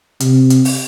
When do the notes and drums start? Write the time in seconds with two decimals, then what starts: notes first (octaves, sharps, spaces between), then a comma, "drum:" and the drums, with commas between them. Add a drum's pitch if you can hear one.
0.20 C3, drum: hi-hat
0.50 drum: hi-hat
0.65 drum: open hi-hat